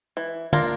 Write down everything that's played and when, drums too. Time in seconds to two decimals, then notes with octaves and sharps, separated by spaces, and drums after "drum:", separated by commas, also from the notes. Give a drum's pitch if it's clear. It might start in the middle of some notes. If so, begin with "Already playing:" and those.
0.17 E3
0.53 A#3 D4 F4 A#4, drum: tom